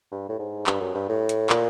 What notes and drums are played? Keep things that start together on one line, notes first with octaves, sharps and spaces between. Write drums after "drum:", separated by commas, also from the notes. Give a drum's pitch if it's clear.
G2
A2
G#2
G2, drum: clap
F#2
G2
A2
drum: hi-hat
A#2, drum: clap